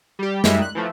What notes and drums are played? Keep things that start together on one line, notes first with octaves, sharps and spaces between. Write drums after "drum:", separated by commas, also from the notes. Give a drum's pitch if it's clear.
G3 G4
F#2 G3 G#3 D#4 E5, drum: snare
F#6
E3 F3 A3